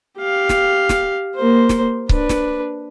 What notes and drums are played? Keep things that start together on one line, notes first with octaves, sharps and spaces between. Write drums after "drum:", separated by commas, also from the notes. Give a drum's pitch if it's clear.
G4 F5
drum: snare
drum: snare
A#3 C5
drum: snare
D4 B4, drum: kick C#1
drum: snare